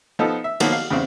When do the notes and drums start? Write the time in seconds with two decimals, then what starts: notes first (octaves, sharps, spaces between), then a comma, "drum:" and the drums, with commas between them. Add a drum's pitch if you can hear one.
0.19 F3 B3 D#4 A4
0.44 E5
0.60 D#3 F3 F#3 A#3 B3, drum: cymbal
0.72 F5
0.90 E2 C#3 C4